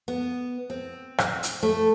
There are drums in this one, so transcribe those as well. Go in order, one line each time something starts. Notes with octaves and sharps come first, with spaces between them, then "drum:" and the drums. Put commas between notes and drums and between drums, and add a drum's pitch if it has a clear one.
B3
C4
drum: rim click
drum: hi-hat
A3